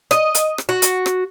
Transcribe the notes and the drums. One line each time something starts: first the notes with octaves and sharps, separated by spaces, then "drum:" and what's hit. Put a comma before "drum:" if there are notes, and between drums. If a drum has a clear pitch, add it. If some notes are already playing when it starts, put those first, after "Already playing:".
D#5, drum: rim click
drum: hi-hat
drum: rim click
F#4
drum: hi-hat
drum: rim click